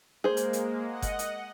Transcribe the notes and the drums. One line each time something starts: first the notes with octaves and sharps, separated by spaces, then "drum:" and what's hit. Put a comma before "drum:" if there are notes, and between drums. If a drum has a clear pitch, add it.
G#3 A#3 G#4 C5
drum: hi-hat
drum: hi-hat
D#5 F#5
drum: kick F#1, hi-hat
drum: hi-hat